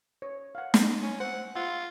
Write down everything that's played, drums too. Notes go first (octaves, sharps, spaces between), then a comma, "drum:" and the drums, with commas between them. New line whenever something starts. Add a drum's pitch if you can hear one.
C#5
F5 F#5
drum: snare
C#4
C5 F#5 E6
F4 F#5 E6